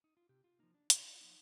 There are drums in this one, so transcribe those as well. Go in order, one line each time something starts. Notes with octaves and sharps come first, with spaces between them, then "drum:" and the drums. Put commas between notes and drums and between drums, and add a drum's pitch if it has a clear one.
D#4
F4
C3 G4
F4
F3 A#3 D#4
D4
C3 D#4, drum: hi-hat
F4
F3 A#3 D#4